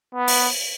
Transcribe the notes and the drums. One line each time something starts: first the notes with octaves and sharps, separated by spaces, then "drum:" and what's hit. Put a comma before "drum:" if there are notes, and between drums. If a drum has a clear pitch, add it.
B3
drum: open hi-hat